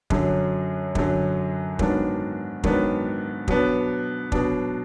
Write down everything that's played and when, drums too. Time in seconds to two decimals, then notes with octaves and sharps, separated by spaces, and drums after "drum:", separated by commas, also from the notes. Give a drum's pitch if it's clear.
0.10 F#2 D3 F#3, drum: kick
0.95 F#2 D3 F#3, drum: kick
1.79 G#2 D#3 F#3 B3 D4, drum: kick
2.64 G#2 D#3 F#3 B3 D4, drum: kick
3.48 B2 F#3 B3 D4, drum: kick
4.32 B2 F#3 B3 D4, drum: kick